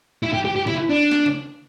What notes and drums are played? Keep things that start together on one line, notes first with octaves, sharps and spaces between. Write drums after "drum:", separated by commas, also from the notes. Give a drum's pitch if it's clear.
E4
G4
G4
G4
E4, drum: tom C#3
D4
drum: snare
drum: tom C#3